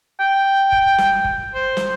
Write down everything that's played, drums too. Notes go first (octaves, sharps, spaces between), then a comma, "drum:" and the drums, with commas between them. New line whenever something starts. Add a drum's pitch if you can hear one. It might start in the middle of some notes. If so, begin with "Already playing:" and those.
G5
drum: kick F#1
drum: snare
drum: kick F#1
C5
drum: snare